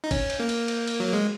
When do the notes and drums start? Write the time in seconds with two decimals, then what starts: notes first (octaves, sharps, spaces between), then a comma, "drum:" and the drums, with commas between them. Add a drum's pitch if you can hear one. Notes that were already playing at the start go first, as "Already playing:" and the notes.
0.04 D#4
0.11 C#4, drum: kick, cymbal
0.30 drum: cymbal
0.40 A#3
0.49 drum: cymbal
0.68 drum: cymbal
0.87 drum: cymbal
1.00 F#3
1.13 G#3